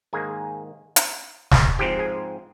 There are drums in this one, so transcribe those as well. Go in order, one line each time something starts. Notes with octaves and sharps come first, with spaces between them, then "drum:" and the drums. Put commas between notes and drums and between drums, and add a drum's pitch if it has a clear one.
G#2 D#3 A#3 G#4 G#5
drum: hi-hat
drum: snare
G#2 F3 C4 G4 G5
G#4 G#5